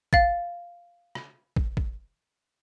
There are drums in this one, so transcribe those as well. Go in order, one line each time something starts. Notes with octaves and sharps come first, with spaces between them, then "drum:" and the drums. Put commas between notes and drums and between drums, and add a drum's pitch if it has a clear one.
F5 A6, drum: kick
drum: rim click
drum: kick
drum: kick